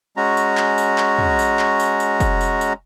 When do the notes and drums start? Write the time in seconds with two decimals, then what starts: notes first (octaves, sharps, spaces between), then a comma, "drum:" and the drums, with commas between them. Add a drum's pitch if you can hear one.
0.17 G#3 C#4 F#4 A#5
0.37 drum: tambourine
0.57 drum: clap
0.78 drum: tambourine
0.98 drum: clap
1.19 drum: tom
1.39 drum: tambourine
1.59 drum: clap
1.80 drum: tambourine
2.00 drum: tambourine
2.20 drum: kick, tambourine
2.41 drum: tambourine
2.61 drum: tambourine